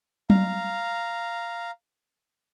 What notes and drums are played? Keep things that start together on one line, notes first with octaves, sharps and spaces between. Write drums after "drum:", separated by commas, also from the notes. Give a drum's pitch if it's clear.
F5 A#5, drum: tom F#3